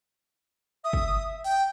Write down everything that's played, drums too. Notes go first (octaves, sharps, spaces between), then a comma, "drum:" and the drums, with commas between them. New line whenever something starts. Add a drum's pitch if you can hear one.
E5 D#6
drum: kick
G5, drum: open hi-hat